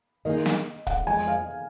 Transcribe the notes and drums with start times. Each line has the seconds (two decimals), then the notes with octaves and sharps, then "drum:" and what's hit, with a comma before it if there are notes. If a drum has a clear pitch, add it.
0.25 D#3 A#3 D#4 G#4 D#5
0.46 drum: snare
0.87 F#5, drum: kick
1.07 F2 F3 G#3 G#5
1.27 F5